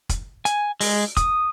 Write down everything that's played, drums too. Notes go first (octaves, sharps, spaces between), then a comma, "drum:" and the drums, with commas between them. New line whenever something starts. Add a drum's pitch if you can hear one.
drum: kick, hi-hat
G#5, drum: hi-hat
G#3, drum: open hi-hat
D#6, drum: kick, hi-hat